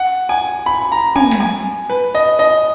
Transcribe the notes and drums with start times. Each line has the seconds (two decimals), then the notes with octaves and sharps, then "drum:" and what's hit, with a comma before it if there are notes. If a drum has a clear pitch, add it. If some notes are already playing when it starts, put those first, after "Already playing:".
Already playing: F#5
0.29 G#5
0.66 B5
0.92 A#5
1.16 G#5, drum: tom
1.31 drum: snare
1.40 G#5
1.90 B4
2.15 D#5
2.39 D#5